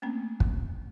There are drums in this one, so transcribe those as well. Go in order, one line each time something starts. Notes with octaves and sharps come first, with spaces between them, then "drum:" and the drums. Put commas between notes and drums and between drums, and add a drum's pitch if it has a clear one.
A3 A#3 C4 C#4
drum: kick